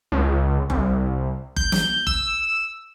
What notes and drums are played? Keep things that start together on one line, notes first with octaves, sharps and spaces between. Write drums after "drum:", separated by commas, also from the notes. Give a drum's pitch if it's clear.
C#2
C2, drum: kick F#1
G6, drum: kick F#1
drum: snare
E6, drum: kick F#1